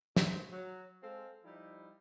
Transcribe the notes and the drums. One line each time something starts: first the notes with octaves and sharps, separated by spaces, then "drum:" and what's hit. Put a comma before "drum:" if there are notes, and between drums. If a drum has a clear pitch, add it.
D#3 F#3 G#4 C5, drum: snare
F#3
G#3 C4 A4 F5
F3 G3 D#4 E4